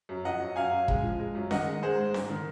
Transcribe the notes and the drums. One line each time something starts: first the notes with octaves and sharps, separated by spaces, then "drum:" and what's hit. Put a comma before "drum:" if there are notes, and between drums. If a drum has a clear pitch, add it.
F#2
F3 D#5 F#5
F#2
F#2 F5 G#5
F#2
G#3, drum: kick
F3
G#3
F#2
D#3 D#5 F#5, drum: snare C#4
G#3
G#3 G#4 C5
G#2
G#2, drum: snare C#4
D#3